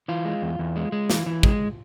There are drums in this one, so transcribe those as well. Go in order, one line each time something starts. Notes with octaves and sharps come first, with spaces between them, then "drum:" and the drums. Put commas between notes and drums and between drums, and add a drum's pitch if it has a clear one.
E3 F4
G#3
E2
E2
G#3
G#3
E3, drum: snare
E3
G#3, drum: kick